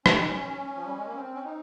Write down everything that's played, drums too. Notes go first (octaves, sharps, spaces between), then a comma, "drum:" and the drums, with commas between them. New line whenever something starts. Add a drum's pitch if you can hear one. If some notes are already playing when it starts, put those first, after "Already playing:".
C#4, drum: rim click
D#4
C#4
F3
G3
G#3
A#3
C4
C#4
D#4